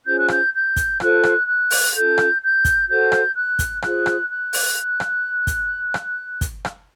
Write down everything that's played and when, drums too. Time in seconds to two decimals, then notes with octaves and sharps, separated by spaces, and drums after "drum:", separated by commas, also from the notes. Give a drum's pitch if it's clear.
0.06 C#4 F4 G#4 C5 G6
0.17 F#6
0.28 G6, drum: rim click
0.53 G6
0.76 drum: kick, hi-hat
1.00 F4 A4 C5 F#6, drum: rim click
1.23 drum: rim click
1.47 F#6
1.71 drum: open hi-hat
1.94 C#4 F4 A4 G6
2.18 drum: rim click
2.41 G6
2.65 drum: kick, hi-hat
2.88 F#4 A4 C5 G6
3.12 drum: rim click
3.35 F#6
3.59 drum: kick, hi-hat
3.82 F4 G#4 C5 F#6, drum: rim click
4.06 drum: rim click
4.29 F#6
4.53 drum: open hi-hat
5.00 drum: rim click
5.47 drum: kick, hi-hat
5.94 drum: rim click
6.41 drum: kick, hi-hat
6.65 drum: rim click